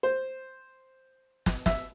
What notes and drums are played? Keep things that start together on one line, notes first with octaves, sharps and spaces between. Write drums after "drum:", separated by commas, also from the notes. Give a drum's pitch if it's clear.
C5
drum: snare
E5, drum: snare